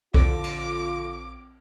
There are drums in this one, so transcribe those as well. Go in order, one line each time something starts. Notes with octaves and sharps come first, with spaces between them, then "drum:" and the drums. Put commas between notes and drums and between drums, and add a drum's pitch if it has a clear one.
A#1 D3 C4 F4 A4 D6 A#6, drum: kick B1
drum: cymbal